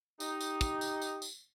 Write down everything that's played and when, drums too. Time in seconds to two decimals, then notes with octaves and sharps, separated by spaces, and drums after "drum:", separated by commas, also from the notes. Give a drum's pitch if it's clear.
0.20 D#4 G4, drum: tambourine
0.41 drum: tambourine
0.61 drum: kick, tambourine
0.81 drum: tambourine
1.02 drum: tambourine
1.22 drum: tambourine